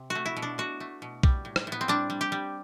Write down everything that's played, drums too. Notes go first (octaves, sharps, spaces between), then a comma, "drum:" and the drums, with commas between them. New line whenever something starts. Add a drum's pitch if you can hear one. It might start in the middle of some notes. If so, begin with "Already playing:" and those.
Already playing: C3
F#4
A3
E4
B2
D4
B2 F#4
A3
B2
G3, drum: kick B1
A2
drum: rim click
A2 B3
C4
G3 D4
G3
G4
G3